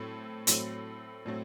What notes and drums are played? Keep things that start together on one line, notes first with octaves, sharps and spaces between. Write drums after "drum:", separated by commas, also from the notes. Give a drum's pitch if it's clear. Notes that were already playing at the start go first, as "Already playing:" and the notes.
Already playing: A2 F#3 A3 C4
A2 F#3 A3 C4, drum: hi-hat
A2 F#3 A3 C4